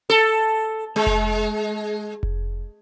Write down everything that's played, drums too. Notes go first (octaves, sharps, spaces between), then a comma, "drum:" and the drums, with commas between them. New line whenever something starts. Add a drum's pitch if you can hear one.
A4
G#3
drum: kick F1
drum: kick F1